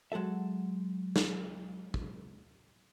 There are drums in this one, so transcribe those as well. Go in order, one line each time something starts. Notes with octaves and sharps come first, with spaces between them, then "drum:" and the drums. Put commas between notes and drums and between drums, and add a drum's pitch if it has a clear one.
F#3 G#3 F#4 A4 E5
drum: snare
drum: kick